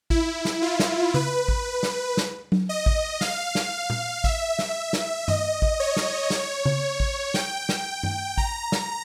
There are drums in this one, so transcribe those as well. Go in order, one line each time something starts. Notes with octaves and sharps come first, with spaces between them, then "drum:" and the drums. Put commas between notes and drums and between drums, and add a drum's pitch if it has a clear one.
E4, drum: kick A1
drum: snare
F4
drum: snare
B4, drum: tom C#3
drum: kick A1
drum: snare
drum: snare
drum: tom F#3
D#5
drum: kick A1
F5, drum: snare
drum: snare
drum: tom A#2
E5, drum: kick A1
drum: snare
drum: snare
D#5, drum: tom G2
drum: kick A1
C#5
drum: snare
C#5, drum: snare
drum: tom C#3
drum: kick A1
G5, drum: snare
drum: snare
drum: tom G2
A#5, drum: kick A1
drum: snare